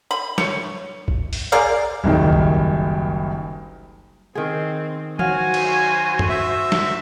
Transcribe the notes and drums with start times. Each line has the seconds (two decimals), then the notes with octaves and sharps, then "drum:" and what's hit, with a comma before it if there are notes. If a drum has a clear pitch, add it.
0.11 B5
0.38 C#5, drum: snare
1.08 drum: kick A1
1.33 drum: open hi-hat
1.52 G#4 A#4 D5 F5
2.04 F#1 C2 D#3
2.33 drum: kick A1
4.35 D#3 C4 G#4
5.19 F#3 F#4 C5 F5 G#5, drum: tom
5.54 drum: cymbal
6.19 drum: tom
6.29 E5
6.72 drum: snare